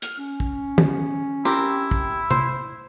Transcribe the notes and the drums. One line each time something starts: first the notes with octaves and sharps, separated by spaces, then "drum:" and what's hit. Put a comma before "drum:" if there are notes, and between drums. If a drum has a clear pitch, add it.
F6, drum: hi-hat
C#4
drum: kick
drum: tom
C4 E4 G4 A#4
drum: kick
C5, drum: tom C3